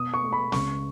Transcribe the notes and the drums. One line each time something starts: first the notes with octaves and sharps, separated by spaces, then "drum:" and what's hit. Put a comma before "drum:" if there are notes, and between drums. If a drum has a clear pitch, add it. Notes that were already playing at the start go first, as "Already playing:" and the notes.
Already playing: B2 D#6
C#6
A3
B5
C#2 C#6, drum: snare